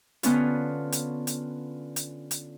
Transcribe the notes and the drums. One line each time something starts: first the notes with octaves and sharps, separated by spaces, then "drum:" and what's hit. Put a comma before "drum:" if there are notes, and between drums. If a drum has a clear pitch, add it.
D3 B3 C#4 F4, drum: hi-hat
drum: hi-hat
drum: hi-hat
drum: hi-hat
drum: hi-hat